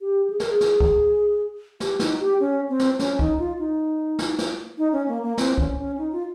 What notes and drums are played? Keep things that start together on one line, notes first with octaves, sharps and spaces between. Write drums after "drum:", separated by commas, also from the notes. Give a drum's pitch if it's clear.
G4
G#4
A#4, drum: snare
G#4
drum: snare
drum: kick C2
G4, drum: snare
D#4, drum: snare
G4
C#4
C4
drum: snare
C#4, drum: snare
D#4, drum: kick C2
F4
D#4
drum: snare
drum: snare
D#4
C#4
A#3
A#3
C4, drum: snare
C#4, drum: kick C2
C#4
D#4
F4